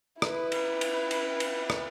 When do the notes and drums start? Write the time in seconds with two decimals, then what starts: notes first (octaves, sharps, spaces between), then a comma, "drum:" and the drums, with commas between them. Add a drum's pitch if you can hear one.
0.22 E4 B4, drum: rim click
0.52 drum: cymbal
0.81 drum: cymbal
1.11 drum: cymbal
1.40 drum: cymbal
1.70 drum: rim click